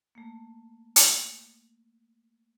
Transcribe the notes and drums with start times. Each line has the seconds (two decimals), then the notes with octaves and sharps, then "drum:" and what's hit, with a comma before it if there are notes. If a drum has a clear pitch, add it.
0.15 A3 A#3
0.96 drum: hi-hat